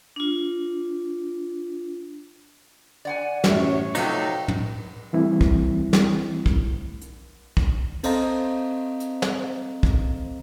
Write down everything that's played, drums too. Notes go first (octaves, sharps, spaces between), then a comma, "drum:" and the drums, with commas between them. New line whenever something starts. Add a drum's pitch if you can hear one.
D4 F4
D5 F#5 G#5
A1 F#2 A2 C#5, drum: snare
C3 F3 F#3 A3 D#4 G5, drum: cymbal
drum: tom
E3 G3 A3 C4 E4
drum: kick
drum: snare
drum: kick
drum: hi-hat
drum: kick
C4 A4 C5 D#5 F5 A#5, drum: cymbal
drum: hi-hat
drum: snare
drum: kick